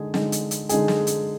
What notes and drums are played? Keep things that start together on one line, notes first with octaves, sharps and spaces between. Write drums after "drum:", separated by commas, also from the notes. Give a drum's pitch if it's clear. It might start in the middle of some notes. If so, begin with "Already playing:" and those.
Already playing: D3 G#3 D#4 G#4
D3 G#3 D#4 G#4, drum: snare
drum: hi-hat
drum: hi-hat
D3 G#3 D#4 G#4, drum: hi-hat
drum: snare
drum: hi-hat